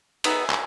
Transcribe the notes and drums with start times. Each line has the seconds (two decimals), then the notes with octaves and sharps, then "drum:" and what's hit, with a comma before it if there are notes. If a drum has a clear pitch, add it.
0.24 B3 D#4 G#4 E5 G#5, drum: cymbal
0.50 drum: clap